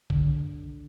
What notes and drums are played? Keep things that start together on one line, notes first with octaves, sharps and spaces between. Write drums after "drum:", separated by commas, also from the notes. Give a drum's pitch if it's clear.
D3, drum: kick B1